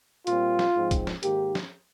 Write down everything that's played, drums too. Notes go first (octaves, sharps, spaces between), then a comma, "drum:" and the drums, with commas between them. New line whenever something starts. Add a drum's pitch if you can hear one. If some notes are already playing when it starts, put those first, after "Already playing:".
A#2 G3 C4 F4, drum: hi-hat
drum: snare
G#2 F3 C4
drum: kick, hi-hat
drum: snare
G#2 D#3 A#3 G4, drum: hi-hat
drum: snare